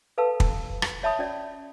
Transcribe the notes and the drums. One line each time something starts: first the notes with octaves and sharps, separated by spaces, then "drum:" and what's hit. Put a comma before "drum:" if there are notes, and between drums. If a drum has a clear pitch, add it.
A4 B4 F5 A5 E6
drum: kick
drum: rim click
C#5 E5 A5 B5 D#6
C#4 D5